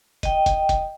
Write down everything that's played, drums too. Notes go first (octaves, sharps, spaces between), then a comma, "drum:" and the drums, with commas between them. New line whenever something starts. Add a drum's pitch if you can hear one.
D#5 G5, drum: kick, hi-hat
drum: kick, hi-hat
drum: kick, hi-hat